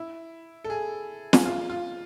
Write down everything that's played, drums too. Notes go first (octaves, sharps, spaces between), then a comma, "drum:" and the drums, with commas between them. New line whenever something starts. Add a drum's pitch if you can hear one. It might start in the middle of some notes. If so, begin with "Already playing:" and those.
Already playing: E4
A4
G#4
G#4, drum: snare
F4
F4